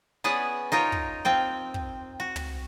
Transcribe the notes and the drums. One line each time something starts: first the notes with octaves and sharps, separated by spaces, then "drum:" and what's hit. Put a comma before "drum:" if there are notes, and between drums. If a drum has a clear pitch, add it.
B3 C#4 G#4 D5 F#5
D#4 F4 A#4 C#5
drum: kick
C4 F4 G5
drum: kick
F#4
drum: tom